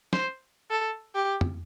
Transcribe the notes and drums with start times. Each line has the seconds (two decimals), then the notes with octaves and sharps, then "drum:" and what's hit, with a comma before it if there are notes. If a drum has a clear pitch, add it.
0.13 C5, drum: snare
0.71 A4
1.15 G4
1.41 drum: tom F2